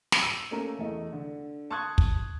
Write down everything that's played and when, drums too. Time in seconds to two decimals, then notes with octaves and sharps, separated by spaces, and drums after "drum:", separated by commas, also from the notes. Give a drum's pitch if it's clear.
0.12 drum: snare
0.22 E6 D#7
0.51 A3 A#3 C#4 A#4
0.79 E2 A3 D#5
1.13 D3
1.71 A5 C6 C#6 D#6 F#6 G#6
1.98 drum: kick